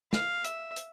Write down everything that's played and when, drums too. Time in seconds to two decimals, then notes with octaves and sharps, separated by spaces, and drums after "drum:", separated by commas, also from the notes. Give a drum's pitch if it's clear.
0.13 F5, drum: snare
0.44 E5, drum: hi-hat
0.76 drum: hi-hat